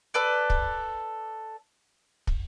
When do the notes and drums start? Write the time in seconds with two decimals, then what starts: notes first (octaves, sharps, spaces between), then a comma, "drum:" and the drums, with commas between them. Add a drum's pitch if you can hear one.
0.14 A4 B4 D5
0.50 drum: kick
2.27 drum: kick